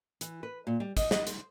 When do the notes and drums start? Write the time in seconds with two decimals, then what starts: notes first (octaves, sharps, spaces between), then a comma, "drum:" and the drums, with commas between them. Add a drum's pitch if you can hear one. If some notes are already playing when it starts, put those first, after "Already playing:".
0.21 E3, drum: hi-hat
0.43 B4
0.67 A#2
0.80 G3
0.97 D#5, drum: kick, hi-hat
1.11 D#5, drum: snare
1.27 C5, drum: hi-hat